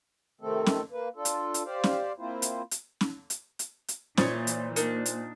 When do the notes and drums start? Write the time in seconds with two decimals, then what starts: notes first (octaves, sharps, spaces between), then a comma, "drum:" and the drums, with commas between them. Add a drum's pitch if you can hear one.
0.41 C3 D#3 A3 C4 A4
0.66 drum: snare C#4
0.92 A#3 B4
1.16 D4 F4 A4
1.25 drum: hi-hat
1.54 drum: hi-hat
1.65 G4 C5 D5 F5
1.84 drum: snare C#4
2.18 A#3 C4 E4 F4 C5
2.42 drum: hi-hat
2.71 drum: hi-hat
3.01 drum: snare C#4
3.30 drum: hi-hat
3.59 drum: hi-hat
3.88 drum: hi-hat
4.17 A#2 E3 A#3 C5 C#5 D#5 A6, drum: snare C#4
4.47 drum: hi-hat
4.76 A#3 D4 D#4 A#4, drum: hi-hat
5.06 drum: hi-hat